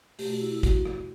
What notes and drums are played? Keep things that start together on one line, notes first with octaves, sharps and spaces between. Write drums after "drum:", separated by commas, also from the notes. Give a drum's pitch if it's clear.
B2 A3 G4, drum: open hi-hat
F#4
E4
E4
F#4, drum: kick, hi-hat
drum: rim click